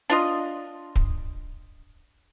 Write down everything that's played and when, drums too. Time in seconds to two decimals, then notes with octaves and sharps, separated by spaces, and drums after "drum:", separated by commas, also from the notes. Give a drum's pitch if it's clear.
0.10 D4 F4 D#5
0.96 drum: kick